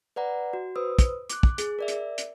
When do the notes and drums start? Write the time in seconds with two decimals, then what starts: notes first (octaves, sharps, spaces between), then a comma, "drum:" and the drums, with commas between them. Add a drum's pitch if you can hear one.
0.16 B4 D5 F#5 A#5
0.53 F#4
0.76 B4 C5 D#6 E6
0.99 drum: kick, hi-hat
1.30 D6 F#6, drum: hi-hat
1.43 drum: kick
1.58 G#4, drum: hi-hat
1.79 A#4 D5 E5
1.88 drum: hi-hat
2.18 drum: hi-hat